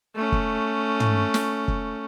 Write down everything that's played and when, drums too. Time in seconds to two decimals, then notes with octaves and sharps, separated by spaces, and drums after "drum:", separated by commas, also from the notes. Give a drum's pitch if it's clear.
0.15 A3 C#4
0.32 drum: kick
1.00 drum: tom
1.34 drum: snare
1.68 drum: kick